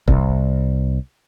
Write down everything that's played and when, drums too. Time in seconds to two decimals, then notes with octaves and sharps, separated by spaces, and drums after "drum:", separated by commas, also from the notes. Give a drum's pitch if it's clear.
0.08 C2, drum: kick C#1